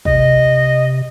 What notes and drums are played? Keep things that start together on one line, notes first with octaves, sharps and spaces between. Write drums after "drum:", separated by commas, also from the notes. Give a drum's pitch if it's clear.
C3 D#5, drum: kick